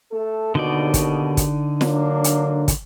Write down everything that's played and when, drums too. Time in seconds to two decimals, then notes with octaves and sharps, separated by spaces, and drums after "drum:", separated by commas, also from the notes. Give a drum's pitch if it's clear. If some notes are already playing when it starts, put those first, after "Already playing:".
0.12 A3 A4
0.55 D#2 B2 D3 D#4 D5
0.94 drum: kick, hi-hat
1.37 drum: kick, hi-hat
1.81 F#3 A#3 D4, drum: snare
2.24 drum: hi-hat
2.68 drum: kick, hi-hat